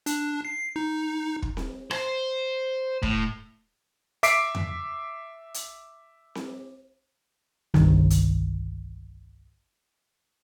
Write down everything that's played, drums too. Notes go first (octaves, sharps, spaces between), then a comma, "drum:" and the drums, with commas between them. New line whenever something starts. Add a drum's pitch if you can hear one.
D4, drum: hi-hat
C7
D#4
drum: kick
drum: snare C4
C5, drum: rim click
A2, drum: kick
E5 D6 B6 C7 D7, drum: hi-hat
drum: tom F2
drum: hi-hat
drum: snare C4
G1 C2 G2 D#3, drum: snare C4
drum: hi-hat